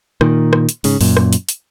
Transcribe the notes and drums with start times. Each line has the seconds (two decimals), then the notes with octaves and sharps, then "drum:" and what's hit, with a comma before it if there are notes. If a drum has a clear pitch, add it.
0.21 A#2 D#3, drum: rim click
0.53 drum: rim click
0.69 drum: hi-hat
0.84 G#2 C#3, drum: open hi-hat
1.01 F#2 A#2, drum: open hi-hat
1.17 drum: rim click
1.33 drum: hi-hat
1.49 drum: hi-hat